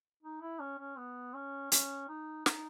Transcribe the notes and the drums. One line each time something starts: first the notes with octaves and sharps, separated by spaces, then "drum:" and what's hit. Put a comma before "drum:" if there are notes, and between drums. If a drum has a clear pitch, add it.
D#4
E4
C#4
C#4
B3
C#4
C#4, drum: hi-hat
D#4
D#4, drum: snare